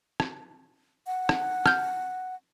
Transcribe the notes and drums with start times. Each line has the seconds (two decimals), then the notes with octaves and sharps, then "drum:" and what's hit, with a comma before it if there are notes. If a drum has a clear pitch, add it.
0.20 drum: rim click
1.07 F#5
1.29 drum: rim click
1.66 F6 G6, drum: rim click